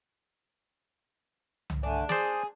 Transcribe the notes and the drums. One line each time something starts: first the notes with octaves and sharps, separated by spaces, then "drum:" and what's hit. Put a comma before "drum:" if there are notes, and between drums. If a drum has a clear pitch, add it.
drum: tom C2
D3 A3 D4 G#5
G#4 C5 D5 G#5, drum: snare